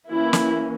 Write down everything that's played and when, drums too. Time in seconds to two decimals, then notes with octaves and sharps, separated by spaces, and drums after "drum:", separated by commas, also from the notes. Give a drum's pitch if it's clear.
0.11 E3 A#3 C#4 E4
0.33 drum: snare